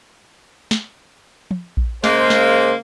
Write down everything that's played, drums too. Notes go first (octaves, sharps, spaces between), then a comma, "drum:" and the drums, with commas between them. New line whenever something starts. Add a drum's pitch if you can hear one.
drum: snare
drum: tom
drum: kick A#1
C#3 G#3 A#3 C5, drum: snare
drum: snare